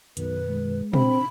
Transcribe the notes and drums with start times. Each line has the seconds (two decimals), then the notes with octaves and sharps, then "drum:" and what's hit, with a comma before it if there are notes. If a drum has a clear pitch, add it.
0.17 B1 F#2 B2 D#3 B4, drum: hi-hat
0.49 G#3
0.93 C4 D4 B5, drum: tom